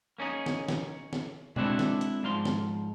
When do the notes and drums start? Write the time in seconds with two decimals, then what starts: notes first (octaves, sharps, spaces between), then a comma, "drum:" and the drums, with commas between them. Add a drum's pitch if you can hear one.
0.18 A#3 C#4 D#4 G#4
0.46 drum: snare
0.68 drum: snare
1.13 drum: snare
1.56 G#3 C4 D4 E4 F#4 A4, drum: tom B2
1.79 drum: snare
2.01 drum: hi-hat
2.23 G#2 F3 F5 C6
2.45 drum: snare